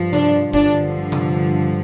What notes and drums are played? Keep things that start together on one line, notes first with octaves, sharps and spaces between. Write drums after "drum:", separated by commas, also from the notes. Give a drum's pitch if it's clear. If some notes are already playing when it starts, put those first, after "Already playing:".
Already playing: G2 F3
D4, drum: tom C3
G2 D3 F3 D4, drum: kick
drum: tom C3